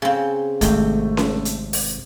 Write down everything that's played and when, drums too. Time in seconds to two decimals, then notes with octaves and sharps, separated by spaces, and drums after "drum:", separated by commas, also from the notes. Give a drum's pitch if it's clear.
0.02 C#3 C4
0.61 G#1 C3 A3 C4, drum: kick, hi-hat
1.17 drum: snare C#4
1.45 drum: hi-hat
1.73 drum: open hi-hat